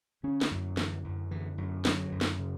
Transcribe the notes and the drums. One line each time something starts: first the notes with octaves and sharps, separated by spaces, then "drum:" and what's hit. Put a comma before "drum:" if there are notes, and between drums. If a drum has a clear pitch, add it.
D3 C#4
drum: snare
F#2
D3 E3, drum: snare
F#2
D3 E3
F#2
D3 F#3, drum: snare
F#2
drum: snare
C#3